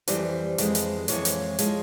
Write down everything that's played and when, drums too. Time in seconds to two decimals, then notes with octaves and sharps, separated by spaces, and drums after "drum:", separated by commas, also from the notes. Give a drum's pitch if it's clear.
0.08 F2 E3 G3 C5, drum: hi-hat
0.58 F2 E3 G#3, drum: hi-hat
0.75 drum: hi-hat
1.08 F2 E3 G#3 C#5, drum: hi-hat
1.25 drum: hi-hat
1.59 F3 G#3, drum: hi-hat